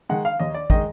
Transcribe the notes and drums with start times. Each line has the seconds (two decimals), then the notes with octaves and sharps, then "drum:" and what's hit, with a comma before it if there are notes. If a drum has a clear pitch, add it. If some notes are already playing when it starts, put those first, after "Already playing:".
0.09 D#3 G#3 F#5
0.25 F5
0.40 D#2 D#5
0.54 D5
0.70 D#3 G#3 D#5, drum: kick